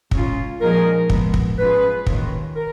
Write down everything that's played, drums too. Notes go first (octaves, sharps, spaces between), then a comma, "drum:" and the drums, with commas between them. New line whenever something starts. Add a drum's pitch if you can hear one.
C#3 G#3 C#4 F4, drum: kick
A#2 F3 G#3 D#4 G#4 A#4
F3 G#3 B3, drum: kick
drum: kick
G#2 F#3 C#4 F4 G#4 B4
D#2 D#3 A#3 C#4 F4, drum: kick
A#4